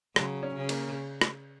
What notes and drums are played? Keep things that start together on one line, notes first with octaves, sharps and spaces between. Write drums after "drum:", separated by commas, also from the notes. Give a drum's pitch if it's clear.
C#3 F#3, drum: rim click
C#4
C#3
A#3, drum: cymbal
drum: rim click